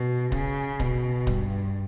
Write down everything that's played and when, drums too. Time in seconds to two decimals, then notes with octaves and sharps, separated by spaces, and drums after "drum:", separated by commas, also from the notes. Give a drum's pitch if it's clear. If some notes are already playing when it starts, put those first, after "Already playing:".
Already playing: B2
0.32 C#3, drum: kick D1
0.80 B2, drum: kick D1
1.27 G2, drum: kick D1